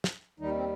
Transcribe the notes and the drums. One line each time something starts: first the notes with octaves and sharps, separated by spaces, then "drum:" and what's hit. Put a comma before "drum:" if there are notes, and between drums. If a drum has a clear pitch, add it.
drum: snare
D#2 D#3 G3 D#4
C4